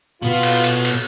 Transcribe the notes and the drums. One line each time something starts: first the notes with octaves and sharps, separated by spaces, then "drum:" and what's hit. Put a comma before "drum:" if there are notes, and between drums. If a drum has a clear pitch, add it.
B2 B3 F4
drum: cymbal
drum: cymbal
drum: cymbal